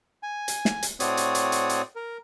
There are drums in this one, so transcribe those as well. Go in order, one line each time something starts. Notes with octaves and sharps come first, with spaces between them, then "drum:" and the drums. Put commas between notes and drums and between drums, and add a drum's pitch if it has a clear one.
G#5
drum: hi-hat
drum: snare
drum: hi-hat
A2 C4 F#4 C#5 D5 D#6, drum: hi-hat
drum: hi-hat
drum: hi-hat
drum: hi-hat
drum: hi-hat
A#4